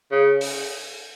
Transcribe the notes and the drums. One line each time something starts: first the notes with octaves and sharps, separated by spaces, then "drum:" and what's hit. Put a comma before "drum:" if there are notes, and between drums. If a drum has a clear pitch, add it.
C#3
drum: open hi-hat